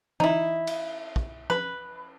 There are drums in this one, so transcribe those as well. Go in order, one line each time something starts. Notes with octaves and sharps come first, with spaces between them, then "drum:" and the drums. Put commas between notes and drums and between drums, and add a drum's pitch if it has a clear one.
D#4 E4, drum: tom E3
drum: cymbal
drum: kick
B4, drum: tom F3